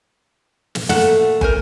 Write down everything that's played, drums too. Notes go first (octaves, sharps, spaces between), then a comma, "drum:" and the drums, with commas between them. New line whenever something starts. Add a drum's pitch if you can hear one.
drum: snare
A#2 A3 F#5, drum: snare
A#4 C5 G#5, drum: kick